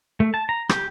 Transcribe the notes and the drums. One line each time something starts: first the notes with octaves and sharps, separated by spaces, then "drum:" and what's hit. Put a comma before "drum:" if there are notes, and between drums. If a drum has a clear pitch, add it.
A3
A5
A#5
G4, drum: rim click